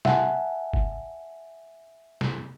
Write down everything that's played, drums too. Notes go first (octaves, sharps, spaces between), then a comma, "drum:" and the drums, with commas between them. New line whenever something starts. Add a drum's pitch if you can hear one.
E5 F#5 G#5 A5, drum: snare
drum: kick
drum: snare